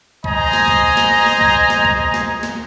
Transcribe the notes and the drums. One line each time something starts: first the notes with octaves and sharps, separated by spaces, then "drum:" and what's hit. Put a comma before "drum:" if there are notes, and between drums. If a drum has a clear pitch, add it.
C5 D#5 G#5 A#5, drum: kick
drum: snare
drum: kick
drum: snare
drum: snare
drum: kick
drum: snare
drum: kick
drum: snare
drum: snare